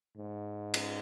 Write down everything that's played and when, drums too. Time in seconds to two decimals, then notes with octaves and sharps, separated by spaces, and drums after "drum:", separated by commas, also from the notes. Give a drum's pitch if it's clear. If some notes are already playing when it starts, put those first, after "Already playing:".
0.17 G#2
0.74 drum: cymbal